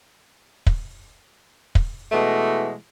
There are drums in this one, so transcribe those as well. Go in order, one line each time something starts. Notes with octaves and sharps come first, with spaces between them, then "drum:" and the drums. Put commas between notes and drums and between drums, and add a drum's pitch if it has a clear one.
drum: kick
drum: kick
B2 E3 G#3 A3